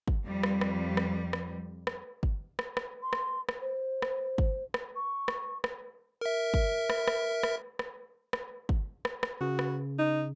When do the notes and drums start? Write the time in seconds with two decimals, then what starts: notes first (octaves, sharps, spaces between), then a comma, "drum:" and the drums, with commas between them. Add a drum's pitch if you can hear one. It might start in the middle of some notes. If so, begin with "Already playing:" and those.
0.08 drum: kick
0.25 F2 G3
0.43 drum: rim click
0.61 drum: rim click
0.97 drum: rim click
1.33 drum: rim click
1.87 drum: rim click
2.23 drum: kick
2.59 drum: rim click
2.77 drum: rim click
3.02 C6
3.13 drum: rim click
3.49 drum: rim click
3.61 C5
4.02 drum: rim click
4.38 drum: kick
4.74 drum: rim click
4.95 C#6
5.28 drum: rim click
5.64 drum: rim click
6.21 A#4 E5
6.54 drum: kick
6.90 drum: rim click
7.08 drum: rim click
7.43 drum: rim click
7.79 drum: rim click
8.33 drum: rim click
8.69 drum: kick
9.05 drum: rim click
9.23 drum: rim click
9.41 C#3 F#4
9.59 drum: rim click
9.99 D#4